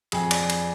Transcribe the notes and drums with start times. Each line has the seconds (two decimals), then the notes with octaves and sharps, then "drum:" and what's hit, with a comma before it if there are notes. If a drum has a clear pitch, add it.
0.12 F2 G#4, drum: cymbal
0.31 D5, drum: cymbal
0.40 F2
0.50 drum: cymbal